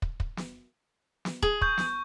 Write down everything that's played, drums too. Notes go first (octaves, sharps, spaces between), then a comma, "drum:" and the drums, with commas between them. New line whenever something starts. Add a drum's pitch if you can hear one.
drum: kick
drum: kick
drum: snare
drum: snare
G#4, drum: kick
C#6 G6, drum: kick
drum: snare